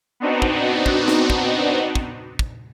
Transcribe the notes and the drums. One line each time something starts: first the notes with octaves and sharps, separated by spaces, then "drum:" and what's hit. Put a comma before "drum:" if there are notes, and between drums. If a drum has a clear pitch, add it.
B3 C4 D4 D#4 F#4
drum: kick
drum: kick
drum: snare
drum: kick
drum: kick
drum: kick